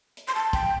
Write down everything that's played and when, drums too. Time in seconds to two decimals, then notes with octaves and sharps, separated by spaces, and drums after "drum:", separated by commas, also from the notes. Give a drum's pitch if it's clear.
0.17 drum: hi-hat
0.28 C6
0.35 A5
0.53 G5, drum: kick, hi-hat